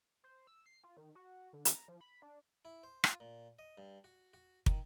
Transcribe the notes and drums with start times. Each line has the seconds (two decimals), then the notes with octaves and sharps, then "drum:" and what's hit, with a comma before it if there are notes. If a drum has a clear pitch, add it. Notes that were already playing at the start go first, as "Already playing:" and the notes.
0.24 C5
0.47 E6
0.66 C7
0.84 F4
0.97 D#3
1.15 F#4
1.53 D3
1.65 drum: hi-hat
1.75 A#5
1.88 F3
2.01 B5
2.22 D4
2.65 E4
2.83 C5
3.04 F4, drum: rim click
3.20 A#2
3.59 D#5
3.78 G2
4.04 F#4
4.34 F#4
4.66 D#3, drum: kick